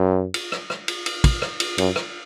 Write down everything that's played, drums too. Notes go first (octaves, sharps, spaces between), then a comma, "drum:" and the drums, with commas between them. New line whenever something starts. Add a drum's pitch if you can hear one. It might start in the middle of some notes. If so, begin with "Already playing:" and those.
Already playing: F#2
drum: cymbal
drum: rim click
drum: rim click
drum: cymbal
drum: cymbal
drum: kick, cymbal
drum: rim click
drum: cymbal
F#2, drum: cymbal
drum: rim click